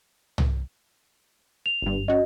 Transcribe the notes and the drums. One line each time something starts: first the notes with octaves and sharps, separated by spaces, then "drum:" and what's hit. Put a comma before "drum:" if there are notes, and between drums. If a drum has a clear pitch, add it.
drum: tom C2
F7
G1 G2
C#4 F#4 D#5